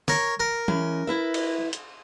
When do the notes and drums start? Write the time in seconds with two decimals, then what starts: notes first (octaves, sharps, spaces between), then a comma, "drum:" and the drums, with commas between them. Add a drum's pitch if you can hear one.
0.08 A#4 C#5, drum: snare
0.40 A#4
0.68 E3 G#3 C#4, drum: tom
1.07 E4 B4 E5
1.34 drum: cymbal
1.73 drum: hi-hat